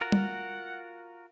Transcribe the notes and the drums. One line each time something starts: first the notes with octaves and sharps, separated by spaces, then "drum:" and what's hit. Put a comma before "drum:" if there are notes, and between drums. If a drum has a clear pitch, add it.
F4 F#4 A#4 F#5
drum: tom